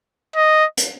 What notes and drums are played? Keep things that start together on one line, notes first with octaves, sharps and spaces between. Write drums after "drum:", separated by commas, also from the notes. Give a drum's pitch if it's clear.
D#5
drum: hi-hat